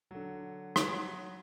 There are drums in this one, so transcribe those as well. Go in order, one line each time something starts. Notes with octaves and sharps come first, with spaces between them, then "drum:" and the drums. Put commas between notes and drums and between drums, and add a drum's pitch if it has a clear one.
D3 F#3
F#3, drum: rim click